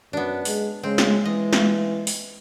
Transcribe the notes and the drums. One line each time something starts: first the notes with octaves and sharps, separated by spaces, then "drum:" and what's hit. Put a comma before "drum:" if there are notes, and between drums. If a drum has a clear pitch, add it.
F#2 B3 D4
G#3, drum: open hi-hat
C#3 G#3 C4
drum: snare
E3 D#5
drum: snare
drum: open hi-hat